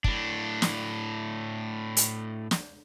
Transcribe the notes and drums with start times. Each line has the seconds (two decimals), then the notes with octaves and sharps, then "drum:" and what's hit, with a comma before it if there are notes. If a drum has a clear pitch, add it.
0.04 A2 D4, drum: kick
0.62 drum: snare
1.97 drum: hi-hat
2.51 drum: snare